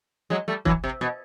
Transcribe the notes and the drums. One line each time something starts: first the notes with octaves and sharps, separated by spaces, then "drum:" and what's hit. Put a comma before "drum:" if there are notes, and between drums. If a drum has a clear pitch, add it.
F#3 G#3
G3 A3
E3 F#3, drum: kick
C3
B2